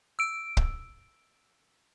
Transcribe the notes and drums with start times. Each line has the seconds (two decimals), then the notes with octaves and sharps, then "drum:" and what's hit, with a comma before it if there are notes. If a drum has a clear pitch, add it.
0.19 E6 D7
0.57 drum: kick